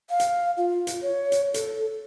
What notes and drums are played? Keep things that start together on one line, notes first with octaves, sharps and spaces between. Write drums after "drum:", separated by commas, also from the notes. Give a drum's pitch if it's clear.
F5
drum: hi-hat
F4
drum: hi-hat
C#5
drum: hi-hat
A4, drum: hi-hat